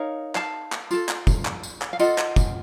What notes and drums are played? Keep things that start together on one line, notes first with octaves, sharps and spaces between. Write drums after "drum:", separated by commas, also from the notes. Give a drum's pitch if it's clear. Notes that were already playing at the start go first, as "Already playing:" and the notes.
Already playing: D#4 A#4 C#5 F5
F5 A5, drum: clap
drum: clap
F4 A4, drum: tambourine
drum: clap
drum: kick, tambourine
drum: clap
drum: tambourine
drum: clap
F5
F4 A4 D#5 F#5, drum: tambourine
drum: clap
drum: kick, tambourine